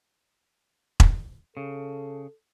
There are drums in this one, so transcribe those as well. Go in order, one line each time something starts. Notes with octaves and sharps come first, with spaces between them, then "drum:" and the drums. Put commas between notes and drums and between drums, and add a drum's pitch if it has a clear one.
drum: kick E1
C#3 A4